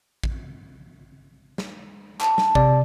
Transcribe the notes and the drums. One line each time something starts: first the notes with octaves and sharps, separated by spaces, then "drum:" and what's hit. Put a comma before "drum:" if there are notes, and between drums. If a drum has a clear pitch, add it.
drum: kick A1
drum: snare
A5, drum: clap
drum: snare
C3 D5, drum: kick A1